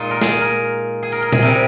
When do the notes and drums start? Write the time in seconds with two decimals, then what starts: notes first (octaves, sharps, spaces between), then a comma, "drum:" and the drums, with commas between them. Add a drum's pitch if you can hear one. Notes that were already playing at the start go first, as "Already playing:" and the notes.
Already playing: A#2 G#3 D#4 F4
0.11 A#4
0.21 G#4, drum: snare
0.41 A#4
1.03 G#4
1.12 A#4
1.22 A#4
1.32 G#4, drum: tom A#2
1.42 C3 G3 A#4